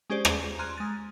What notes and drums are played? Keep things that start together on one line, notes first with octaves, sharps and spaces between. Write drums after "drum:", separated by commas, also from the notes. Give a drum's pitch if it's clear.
G#3 C#4 G4 G#4 C5 D5
A#5, drum: rim click
A#5 C6 F6 F#6 G#6 D#7
G#3 A6